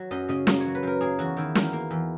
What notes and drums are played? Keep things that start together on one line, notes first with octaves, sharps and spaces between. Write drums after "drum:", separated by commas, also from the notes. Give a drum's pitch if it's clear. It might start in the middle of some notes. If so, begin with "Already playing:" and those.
Already playing: F#3
F#2 D#5
C#3 D#5
A#3 D#5, drum: snare
C#5
F#3
B4
F#2 A#4
A#3 G#4
E2 F#4
D#3 E4
E2 A#4, drum: snare
A#3
E2